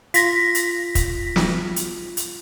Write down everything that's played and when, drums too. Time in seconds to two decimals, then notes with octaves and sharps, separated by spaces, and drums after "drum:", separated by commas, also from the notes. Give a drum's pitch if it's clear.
0.14 F4 A#6 B6, drum: hi-hat
0.55 drum: hi-hat
0.95 drum: kick, hi-hat
1.36 drum: snare
1.76 drum: hi-hat
2.17 drum: hi-hat